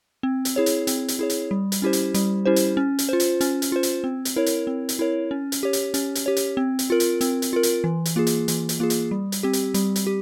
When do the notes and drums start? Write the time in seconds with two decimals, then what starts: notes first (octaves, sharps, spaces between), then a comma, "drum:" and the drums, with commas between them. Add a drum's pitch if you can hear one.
0.23 C4
0.45 drum: hi-hat
0.56 E4 G#4 C#5
0.66 drum: hi-hat
0.87 C4, drum: hi-hat
1.08 drum: hi-hat
1.19 E4 G#4 C#5
1.30 drum: hi-hat
1.51 G3
1.72 drum: hi-hat
1.82 C#4 E4 G4 C5
1.93 drum: hi-hat
2.14 G3, drum: hi-hat
2.45 C#4 E4 G4 C5
2.56 drum: hi-hat
2.77 C#4
2.99 drum: hi-hat
3.09 F4 C5
3.20 drum: hi-hat
3.41 C#4, drum: hi-hat
3.62 drum: hi-hat
3.72 F4 C5
3.83 drum: hi-hat
4.04 C4
4.25 drum: hi-hat
4.36 E4 A#4 C#5
4.46 drum: hi-hat
4.67 C4
4.89 drum: hi-hat
4.99 E4 A#4 C#5
5.31 C#4
5.52 drum: hi-hat
5.63 G4 C#5
5.73 drum: hi-hat
5.94 C#4, drum: hi-hat
6.15 drum: hi-hat
6.26 G4 C#5
6.37 drum: hi-hat
6.57 C4
6.79 drum: hi-hat
6.90 F4 A#4
7.00 drum: hi-hat
7.21 C4, drum: hi-hat
7.42 drum: hi-hat
7.53 F4 A#4
7.63 drum: hi-hat
7.84 E3
8.05 drum: hi-hat
8.16 A#3 F4 G#4
8.27 drum: hi-hat
8.48 E3, drum: hi-hat
8.69 drum: hi-hat
8.80 A#3 F4 G#4
8.90 drum: hi-hat
9.11 G3
9.32 drum: hi-hat
9.43 C4 G4
9.53 drum: hi-hat
9.74 G3, drum: hi-hat
9.96 drum: hi-hat
10.07 G4